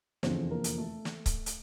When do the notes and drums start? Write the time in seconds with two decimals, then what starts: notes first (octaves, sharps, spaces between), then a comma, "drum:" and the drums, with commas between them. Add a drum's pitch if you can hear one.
0.23 F1 E2 D3 F3 C4 C5, drum: snare
0.50 A#3 A#4
0.64 drum: hi-hat
0.78 A3 A4
1.05 drum: snare
1.26 drum: kick C#1, hi-hat
1.46 drum: hi-hat